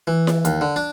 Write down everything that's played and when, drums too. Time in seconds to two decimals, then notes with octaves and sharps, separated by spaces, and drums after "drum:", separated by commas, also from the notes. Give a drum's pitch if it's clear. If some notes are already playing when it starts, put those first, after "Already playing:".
0.07 E3
0.27 drum: snare E4
0.45 D#2, drum: hi-hat
0.61 D3
0.76 D4